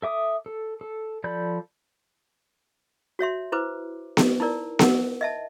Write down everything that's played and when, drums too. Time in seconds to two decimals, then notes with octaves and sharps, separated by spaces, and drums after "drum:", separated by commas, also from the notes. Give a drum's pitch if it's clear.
0.02 A4 E5 D6 D#6
0.46 A4
0.81 A4
1.24 F3 A4 D5 B5 G6
3.19 F#4 C#5 E5 C6
3.52 E4 B4 C5 D6
4.17 drum: snare B3
4.40 D#4 E4 A#4 D5
4.79 A#4 F#5, drum: snare B3
5.21 D#5 E5 A5